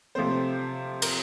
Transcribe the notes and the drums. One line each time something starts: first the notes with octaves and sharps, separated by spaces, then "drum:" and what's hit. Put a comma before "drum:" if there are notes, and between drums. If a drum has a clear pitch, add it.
C3 F3 A3 C4 C5
A#4, drum: cymbal